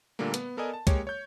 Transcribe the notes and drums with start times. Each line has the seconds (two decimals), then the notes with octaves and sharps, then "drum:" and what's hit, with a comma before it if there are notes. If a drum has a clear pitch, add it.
0.19 A#2 D3 G3 A3 A#3
0.34 B3, drum: hi-hat
0.57 B3 A4 A#4 D5 D#5 G#5
0.74 A5
0.87 G#3 A#3 G4 C#5, drum: kick, hi-hat
1.07 C#5 G6